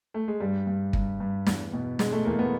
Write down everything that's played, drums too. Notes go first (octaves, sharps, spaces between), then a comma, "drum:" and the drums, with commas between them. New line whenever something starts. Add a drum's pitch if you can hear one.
A3
G#3
G2 G3
G2
G2, drum: kick
G2
E2, drum: snare
B2
B2 G#3, drum: snare
A3
E2 A#3
B3